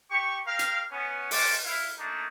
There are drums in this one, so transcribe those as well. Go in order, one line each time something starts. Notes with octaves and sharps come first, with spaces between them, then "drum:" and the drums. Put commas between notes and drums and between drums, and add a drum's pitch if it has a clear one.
G4 C#6
G4 A#4 F5
drum: hi-hat
B3 C#4
C#4 F4 G4 A5 D6, drum: open hi-hat
E4 F5
A3 A#3 D4 D#4